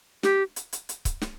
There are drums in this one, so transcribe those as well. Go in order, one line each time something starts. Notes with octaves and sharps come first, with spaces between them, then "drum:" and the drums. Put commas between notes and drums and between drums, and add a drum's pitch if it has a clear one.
G4, drum: snare
drum: hi-hat
drum: hi-hat
drum: hi-hat
drum: kick C#1, hi-hat
drum: snare